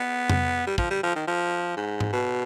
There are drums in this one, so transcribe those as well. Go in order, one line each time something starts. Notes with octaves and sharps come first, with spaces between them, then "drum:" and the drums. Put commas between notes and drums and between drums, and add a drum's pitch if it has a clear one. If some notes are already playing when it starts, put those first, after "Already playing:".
Already playing: B3
drum: tom F2
G3
F3, drum: kick
G3
F3
D#3
F3
G#2
drum: tom G#2
B2